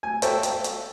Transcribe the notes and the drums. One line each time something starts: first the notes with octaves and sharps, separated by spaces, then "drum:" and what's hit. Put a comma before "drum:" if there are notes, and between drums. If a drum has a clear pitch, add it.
G#5
A4 C5 C#5 E5 G5 A5, drum: hi-hat
drum: hi-hat
drum: hi-hat